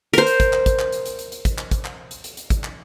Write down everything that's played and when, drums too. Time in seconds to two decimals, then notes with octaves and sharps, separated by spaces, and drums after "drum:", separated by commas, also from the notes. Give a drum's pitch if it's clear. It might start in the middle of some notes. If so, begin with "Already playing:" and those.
0.13 A#4 C5, drum: hi-hat
0.27 drum: hi-hat
0.40 drum: kick, hi-hat
0.53 drum: clap
0.66 drum: kick, hi-hat
0.79 drum: clap
0.92 drum: hi-hat
1.06 drum: hi-hat
1.19 drum: hi-hat
1.32 drum: hi-hat
1.45 drum: kick, hi-hat
1.58 drum: clap
1.71 drum: kick, hi-hat
1.85 drum: clap
2.11 drum: hi-hat
2.24 drum: hi-hat
2.37 drum: hi-hat
2.50 drum: kick, hi-hat
2.64 drum: clap